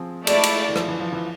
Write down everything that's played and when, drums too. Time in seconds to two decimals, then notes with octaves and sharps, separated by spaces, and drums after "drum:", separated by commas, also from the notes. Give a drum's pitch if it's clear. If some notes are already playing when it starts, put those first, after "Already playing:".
Already playing: F3 C4 G#4
0.27 G#3 A3 E4 A4 D5, drum: cymbal
0.43 drum: cymbal
0.68 E3
0.76 F3, drum: rim click
0.88 E3
1.00 F3
1.12 E3